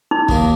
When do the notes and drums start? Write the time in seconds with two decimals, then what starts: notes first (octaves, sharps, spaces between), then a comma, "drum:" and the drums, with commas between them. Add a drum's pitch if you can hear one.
0.11 D#4
0.28 D#2 D#3 A#3, drum: kick